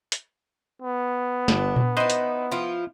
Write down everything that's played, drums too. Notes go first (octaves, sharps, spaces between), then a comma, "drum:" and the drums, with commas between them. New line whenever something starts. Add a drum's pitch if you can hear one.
drum: hi-hat
B3
G1 D4, drum: snare
drum: tom A#2
D#4 E4 B4 C5 D#5
drum: hi-hat
F3 E4 F4